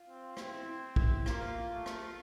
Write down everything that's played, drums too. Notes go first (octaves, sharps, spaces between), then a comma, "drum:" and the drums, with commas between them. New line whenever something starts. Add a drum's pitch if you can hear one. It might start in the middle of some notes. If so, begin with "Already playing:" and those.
Already playing: F4
C4
C4 E4, drum: rim click
E4, drum: kick
A#3 F4, drum: rim click
A3
drum: rim click